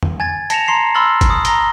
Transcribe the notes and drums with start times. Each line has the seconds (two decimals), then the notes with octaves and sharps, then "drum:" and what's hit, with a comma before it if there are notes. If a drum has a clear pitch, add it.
0.03 drum: tom
0.20 G#5 G#6 A6
0.50 A5 A#6 C#7 E7 F7, drum: hi-hat
0.67 A#5 C6 C7 F7
0.94 B5 C6 E6 F6 A6 F#7
1.21 drum: kick G1, hi-hat
1.30 D#6
1.45 A#5 A#6 G7, drum: hi-hat